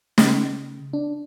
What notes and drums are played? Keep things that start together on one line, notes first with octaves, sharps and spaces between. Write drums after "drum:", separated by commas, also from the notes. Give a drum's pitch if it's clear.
C#3, drum: snare
D4